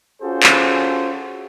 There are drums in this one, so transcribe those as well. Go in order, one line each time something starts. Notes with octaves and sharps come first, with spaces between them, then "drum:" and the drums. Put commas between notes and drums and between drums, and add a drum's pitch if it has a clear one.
C#4 F4 F#4 G#4 A4 C5
drum: clap